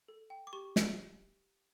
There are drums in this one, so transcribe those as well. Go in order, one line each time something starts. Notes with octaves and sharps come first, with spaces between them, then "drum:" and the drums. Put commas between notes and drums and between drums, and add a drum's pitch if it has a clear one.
A4
G5
D6
G4 C#6
drum: snare